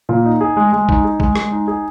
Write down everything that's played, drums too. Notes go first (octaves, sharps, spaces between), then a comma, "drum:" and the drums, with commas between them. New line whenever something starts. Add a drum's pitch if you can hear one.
A#2
D#4
G#4
G#3
G#3
D#4, drum: kick A1
G#4
G#3, drum: kick A1
G#3, drum: rim click
D#4
G#4